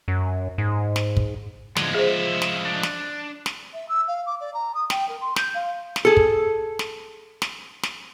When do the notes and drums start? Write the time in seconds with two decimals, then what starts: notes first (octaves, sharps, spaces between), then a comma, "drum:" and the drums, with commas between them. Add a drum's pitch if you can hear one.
0.08 F#2
0.58 G#2
0.96 drum: snare
1.17 drum: kick
1.76 A2 D3 F3 G#3, drum: snare
1.94 G#4 C5 E5
2.42 drum: snare
2.66 D4
2.83 drum: snare
3.46 drum: snare
3.73 E5
3.88 E6
4.07 F5
4.26 D6
4.40 D5
4.54 A#5
4.74 D#6
4.90 G5, drum: snare
5.08 A#4
5.21 C6
5.36 G6, drum: snare
5.54 F5
5.96 drum: snare
6.05 G#4 A4
6.17 drum: kick
6.79 drum: snare
7.42 drum: snare
7.83 drum: snare